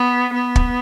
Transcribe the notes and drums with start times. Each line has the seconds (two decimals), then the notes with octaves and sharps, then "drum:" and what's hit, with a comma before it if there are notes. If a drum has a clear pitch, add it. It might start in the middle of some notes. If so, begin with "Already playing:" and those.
Already playing: B3
0.33 B3
0.56 drum: kick